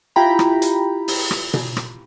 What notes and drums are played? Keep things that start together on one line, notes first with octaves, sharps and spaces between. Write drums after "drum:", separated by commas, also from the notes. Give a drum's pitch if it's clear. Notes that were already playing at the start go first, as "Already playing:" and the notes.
E4 F4 G4 G5 A#5 B5
drum: rim click
drum: hi-hat
drum: open hi-hat
drum: rim click
drum: tom B2
drum: rim click